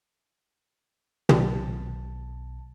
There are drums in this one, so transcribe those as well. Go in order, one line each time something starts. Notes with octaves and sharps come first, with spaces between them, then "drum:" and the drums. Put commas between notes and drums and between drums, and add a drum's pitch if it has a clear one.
B1 B2 D#3 F#3 G4 A5, drum: tom